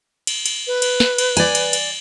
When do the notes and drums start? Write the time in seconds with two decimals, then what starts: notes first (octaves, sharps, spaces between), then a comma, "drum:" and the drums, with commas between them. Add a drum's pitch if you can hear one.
0.27 drum: cymbal
0.46 drum: cymbal
0.67 B4
0.82 drum: cymbal
1.00 drum: snare
1.18 drum: cymbal
1.37 D5 G#5, drum: cymbal
1.55 drum: cymbal
1.73 drum: cymbal